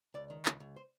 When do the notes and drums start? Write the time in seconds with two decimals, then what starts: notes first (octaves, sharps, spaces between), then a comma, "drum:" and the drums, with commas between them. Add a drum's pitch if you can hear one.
0.14 C#2 D5
0.30 D#3
0.45 C#2 C#5, drum: clap
0.60 C#2
0.76 C5